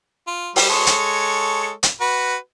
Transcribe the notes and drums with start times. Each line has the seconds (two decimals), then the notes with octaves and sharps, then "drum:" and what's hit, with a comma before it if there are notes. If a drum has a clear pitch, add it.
0.27 F4
0.56 G3 G4, drum: open hi-hat
0.70 G#3 A4 C#5
0.86 drum: hi-hat
1.83 drum: hi-hat
2.01 F#4 B4